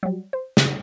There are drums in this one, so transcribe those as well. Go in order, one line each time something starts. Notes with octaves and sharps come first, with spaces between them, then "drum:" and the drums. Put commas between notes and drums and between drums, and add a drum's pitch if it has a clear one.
F#3 G3
C5
C#3 F#5, drum: snare